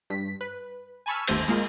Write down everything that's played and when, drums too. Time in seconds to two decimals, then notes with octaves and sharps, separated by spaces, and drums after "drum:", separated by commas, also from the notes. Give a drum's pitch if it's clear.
0.10 G2 B6
0.41 B4
1.06 G#5 A5 B5 C#6 E6 F6
1.27 G1 D#2 A3 C5 G6, drum: cymbal
1.48 G#3 A#3 F4